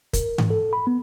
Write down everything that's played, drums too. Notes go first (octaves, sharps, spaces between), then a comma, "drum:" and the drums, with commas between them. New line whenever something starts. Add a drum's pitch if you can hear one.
A#4, drum: kick, hi-hat
E3, drum: tom G#2
A4
B5
B3